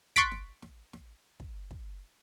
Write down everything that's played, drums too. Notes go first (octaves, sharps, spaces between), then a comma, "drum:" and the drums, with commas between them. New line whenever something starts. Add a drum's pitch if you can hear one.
C6 C#6 F#6 A6 B6 D7, drum: kick
drum: snare
drum: snare
drum: snare
drum: kick
drum: kick